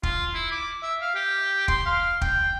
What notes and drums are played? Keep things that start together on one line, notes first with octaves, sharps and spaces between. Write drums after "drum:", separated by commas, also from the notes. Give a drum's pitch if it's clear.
F4, drum: kick
E4
D6
E5
F5
G4
C6, drum: kick
F5
G5, drum: kick